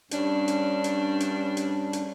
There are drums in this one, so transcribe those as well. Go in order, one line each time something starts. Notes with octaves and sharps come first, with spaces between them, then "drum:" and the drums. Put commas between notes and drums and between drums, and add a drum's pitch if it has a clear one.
G2 C#4 D4, drum: hi-hat
drum: hi-hat
drum: hi-hat
drum: hi-hat
drum: hi-hat
drum: hi-hat